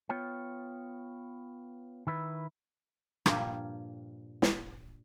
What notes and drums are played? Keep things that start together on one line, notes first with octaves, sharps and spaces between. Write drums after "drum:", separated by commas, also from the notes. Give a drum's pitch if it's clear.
B3 F4 C#5 G5
D#3 E4 B4
G2 A#2 F3 F5 G5 G#5, drum: rim click
drum: snare